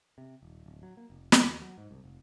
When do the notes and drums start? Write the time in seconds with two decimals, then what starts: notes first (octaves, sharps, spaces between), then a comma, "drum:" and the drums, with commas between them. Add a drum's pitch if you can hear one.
0.18 C3
0.43 D#1
0.66 D1
0.83 F#3
0.97 A#3
1.10 F1
1.32 F#1, drum: snare
1.44 D#2
1.62 F#3
1.78 G#2
1.91 C2
2.04 F1